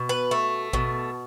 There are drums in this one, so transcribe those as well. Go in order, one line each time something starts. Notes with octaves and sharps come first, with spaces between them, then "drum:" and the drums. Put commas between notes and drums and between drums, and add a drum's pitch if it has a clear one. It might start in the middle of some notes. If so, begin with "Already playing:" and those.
Already playing: B2
B4
A3
B2, drum: kick A1